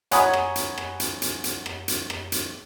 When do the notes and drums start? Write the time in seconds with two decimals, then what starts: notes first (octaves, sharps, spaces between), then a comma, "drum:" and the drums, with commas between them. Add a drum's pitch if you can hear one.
0.11 C#5 F#5 G#5 A#5 B5 D#6, drum: hi-hat
0.33 drum: rim click
0.56 drum: hi-hat
0.78 drum: rim click
1.00 drum: hi-hat
1.22 drum: hi-hat
1.44 drum: hi-hat
1.66 drum: rim click
1.88 drum: hi-hat
2.10 drum: rim click
2.32 drum: hi-hat